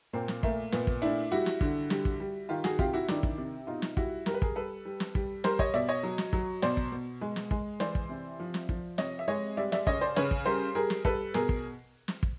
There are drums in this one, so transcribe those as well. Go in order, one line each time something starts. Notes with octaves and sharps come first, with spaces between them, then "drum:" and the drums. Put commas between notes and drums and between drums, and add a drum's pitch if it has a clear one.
A#2 A#3 C4
drum: snare
A3 A#3, drum: kick
A#2 B3, drum: snare
drum: kick
A3 D4 E4
G3 E4 F#4
drum: snare
D3, drum: kick
G3, drum: snare
drum: kick
G3
D#3 F4 G4
F#4 G#4, drum: snare
C3 F4 G4, drum: kick
E4 F#4
D#3 D4 E4, drum: snare
drum: kick
C3
B2 D#4 F4
drum: snare
G3 E4 F#4, drum: kick
G3 A#4, drum: snare
B4
G#4 A#4, drum: kick
G3 A4 B4
G3
drum: snare
G3, drum: kick
G3 A#4 C5, drum: snare
C#5 D#5, drum: kick
B2 D5 E5
C#5 D#5
F#3
drum: snare
F#3, drum: kick
B2 C5 D5, drum: snare
drum: kick
B2
G#3
drum: snare
G#3, drum: kick
E3 C5 D5, drum: snare
drum: kick
C3
F3
drum: snare
F3, drum: kick
C3 C#5 D#5, drum: snare
E5
G#3 C#5 D#5
G3 D5 E5
D5 E5, drum: snare
C#3 C#5 D#5, drum: kick
C5 D5
C#3 B4 C#5, drum: snare
drum: kick
G3 A#4 C5
G3 G#4 A#4
drum: snare
G3 A4 B4, drum: kick
B2 G#4 A#4, drum: snare
drum: kick
drum: snare
drum: kick